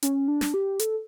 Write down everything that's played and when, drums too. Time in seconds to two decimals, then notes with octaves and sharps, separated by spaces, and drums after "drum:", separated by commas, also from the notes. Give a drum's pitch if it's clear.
0.03 C#4, drum: hi-hat
0.28 D4
0.41 drum: snare
0.54 G4
0.79 A4, drum: hi-hat